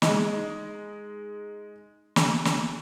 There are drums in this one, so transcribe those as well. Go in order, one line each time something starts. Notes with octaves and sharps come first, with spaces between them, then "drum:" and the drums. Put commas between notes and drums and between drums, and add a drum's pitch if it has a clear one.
G#3 D#4, drum: snare
drum: snare
drum: snare